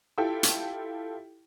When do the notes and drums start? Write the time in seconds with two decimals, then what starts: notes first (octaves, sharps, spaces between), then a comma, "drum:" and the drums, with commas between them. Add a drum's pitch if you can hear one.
0.18 E4 F4 G4 A4 G5
0.43 drum: hi-hat